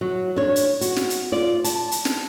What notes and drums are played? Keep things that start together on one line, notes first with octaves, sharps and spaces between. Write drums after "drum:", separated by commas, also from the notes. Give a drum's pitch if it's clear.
F#3
D4 C#5
drum: hi-hat
F#4, drum: hi-hat
drum: snare
drum: hi-hat
F4 D5
A5, drum: hi-hat
drum: hi-hat
drum: snare